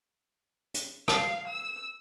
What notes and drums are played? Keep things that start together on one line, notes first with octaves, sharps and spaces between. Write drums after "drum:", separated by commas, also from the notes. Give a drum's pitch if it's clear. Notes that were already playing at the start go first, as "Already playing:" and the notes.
drum: hi-hat
F5, drum: rim click
E6